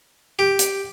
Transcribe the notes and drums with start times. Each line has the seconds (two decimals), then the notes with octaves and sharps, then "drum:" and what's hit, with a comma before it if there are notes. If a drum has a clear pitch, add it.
0.39 G4
0.59 drum: hi-hat